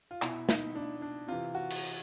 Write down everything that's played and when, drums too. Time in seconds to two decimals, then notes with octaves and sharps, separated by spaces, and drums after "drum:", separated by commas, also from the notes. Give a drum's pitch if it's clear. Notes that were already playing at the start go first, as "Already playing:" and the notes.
0.11 F4
0.22 B2 E4, drum: clap
0.49 D#4, drum: snare
0.75 D4
1.02 D4
1.28 C3 E3 F4
1.55 F#4
1.70 drum: cymbal